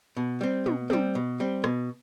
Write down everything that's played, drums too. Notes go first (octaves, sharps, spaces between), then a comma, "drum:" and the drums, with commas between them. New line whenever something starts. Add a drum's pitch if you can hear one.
B2
G3 C4
B2, drum: tom
G3 C4, drum: tom
B2
G3 C4
B2, drum: rim click